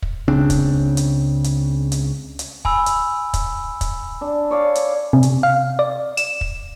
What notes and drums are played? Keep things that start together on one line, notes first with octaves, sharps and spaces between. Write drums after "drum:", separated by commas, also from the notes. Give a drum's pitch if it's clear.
drum: kick
C#2 C#3 C4 D4
drum: kick, hi-hat
drum: hi-hat
drum: hi-hat
drum: hi-hat
drum: hi-hat
G#5 B5 E6, drum: kick
drum: hi-hat
drum: kick, hi-hat
drum: kick, hi-hat
D4
C#5 D5 F5
drum: hi-hat
C3
drum: hi-hat
F5
D5
E7, drum: hi-hat
drum: kick